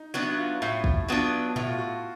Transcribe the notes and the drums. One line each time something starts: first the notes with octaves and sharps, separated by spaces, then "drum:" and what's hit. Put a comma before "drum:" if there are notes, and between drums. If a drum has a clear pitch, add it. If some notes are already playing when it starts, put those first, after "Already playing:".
Already playing: D#4
F#3 B3 D4 E4
F#4
F4
A2 E4
drum: kick
F#3 B3 D4 F4
A2 F#4, drum: tom A#2
F4
F#4